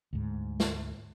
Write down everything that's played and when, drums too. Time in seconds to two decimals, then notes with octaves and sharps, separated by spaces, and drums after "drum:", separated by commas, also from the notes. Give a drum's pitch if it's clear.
0.13 D2 G#2
0.60 drum: snare